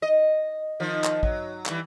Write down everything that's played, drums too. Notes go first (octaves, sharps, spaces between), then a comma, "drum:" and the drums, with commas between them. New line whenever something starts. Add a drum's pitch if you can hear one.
D#5
D#3 F3
drum: clap
F#3, drum: kick
E3 G3, drum: clap